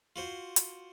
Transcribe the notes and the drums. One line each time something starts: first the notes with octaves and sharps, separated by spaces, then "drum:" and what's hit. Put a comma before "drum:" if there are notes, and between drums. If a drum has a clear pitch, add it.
F4 F#4 C5
drum: hi-hat